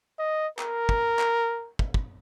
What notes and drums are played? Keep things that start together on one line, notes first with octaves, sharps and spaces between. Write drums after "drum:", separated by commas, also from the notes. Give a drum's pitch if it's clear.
D#5
A#4, drum: clap
drum: kick
drum: clap
drum: kick
drum: kick